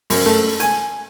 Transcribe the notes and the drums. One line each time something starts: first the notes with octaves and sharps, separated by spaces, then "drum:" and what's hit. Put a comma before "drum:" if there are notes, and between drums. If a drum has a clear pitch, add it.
F#2, drum: open hi-hat
A3
G#5, drum: hi-hat